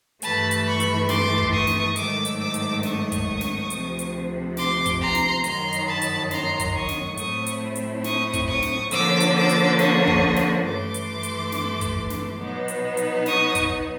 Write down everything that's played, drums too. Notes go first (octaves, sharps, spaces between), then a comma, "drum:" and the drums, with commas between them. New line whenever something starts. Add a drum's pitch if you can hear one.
G2 E3 A3 A5 B5, drum: hi-hat
drum: hi-hat
B5 C#6
drum: hi-hat
C6 D6, drum: snare
drum: kick
C#6 D#6
drum: snare
G#2 D#3 F#3 A3 D6 E6, drum: hi-hat
drum: hi-hat
D6 E6
drum: hi-hat
C#6 D#6, drum: snare
drum: kick, hi-hat
drum: snare
D2 C3 F3, drum: hi-hat
drum: hi-hat
C6 D6, drum: snare
drum: kick, hi-hat
A#5 C6
drum: snare
F#2 D#3 F#3 A#5 C6, drum: hi-hat
drum: hi-hat
A5 B5
drum: hi-hat
A#5 C6, drum: snare
drum: kick, hi-hat
C#6 D#6
drum: snare
A2 F#3 A3 C4 E4 C#6 D#6, drum: hi-hat
drum: hi-hat
drum: hi-hat
C#6 D#6, drum: snare
drum: kick, hi-hat
C#6 D#6
drum: snare
D3 F3 A#3 C#4 D6 E6, drum: hi-hat
drum: hi-hat
D6 E6
drum: hi-hat
C#6 D#6, drum: snare
drum: kick
drum: snare
G2 E3 A3 C6 D6
drum: hi-hat
drum: hi-hat
drum: snare
drum: kick, hi-hat
drum: snare
B2 F#3 B3 D#4
drum: hi-hat
drum: hi-hat
C#6 D#6, drum: snare
drum: kick, hi-hat